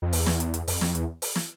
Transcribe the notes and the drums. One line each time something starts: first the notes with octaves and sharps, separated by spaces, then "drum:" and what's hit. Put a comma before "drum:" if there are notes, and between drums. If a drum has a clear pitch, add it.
F2
E2, drum: open hi-hat
drum: snare
drum: hi-hat
drum: hi-hat
F2, drum: open hi-hat
F2, drum: snare
E2, drum: hi-hat
drum: open hi-hat
drum: snare